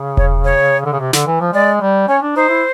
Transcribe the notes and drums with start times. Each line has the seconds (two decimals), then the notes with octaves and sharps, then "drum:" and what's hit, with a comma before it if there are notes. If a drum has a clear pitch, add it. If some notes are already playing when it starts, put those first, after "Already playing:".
Already playing: C#3
0.17 C#5, drum: kick E1
0.45 C#5
0.85 D3
0.92 C#3
1.00 C3
1.13 D3, drum: snare
1.27 E3
1.41 F3
1.53 G#3 D5
1.81 G3
2.08 C#4 C#5
2.22 D4
2.36 D#4 C5
2.49 E4